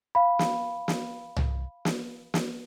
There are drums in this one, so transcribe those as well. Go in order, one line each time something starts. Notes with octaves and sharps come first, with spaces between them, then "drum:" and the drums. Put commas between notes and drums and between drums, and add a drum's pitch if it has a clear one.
F5 B5
drum: snare
drum: snare
drum: tom C2
drum: snare
drum: snare